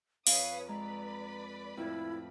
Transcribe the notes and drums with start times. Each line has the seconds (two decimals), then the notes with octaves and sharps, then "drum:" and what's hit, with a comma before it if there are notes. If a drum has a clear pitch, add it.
0.27 F2 B4 C#5 F5 D#6, drum: open hi-hat
0.68 G#3 B4 D5 A#5 B5
1.77 F2 A2 E4